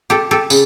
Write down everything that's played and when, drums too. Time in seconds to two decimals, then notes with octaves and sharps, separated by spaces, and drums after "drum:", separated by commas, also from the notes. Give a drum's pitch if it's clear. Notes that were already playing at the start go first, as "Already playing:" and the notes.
0.10 G4 A4
0.31 G4 A4
0.50 C#3, drum: tambourine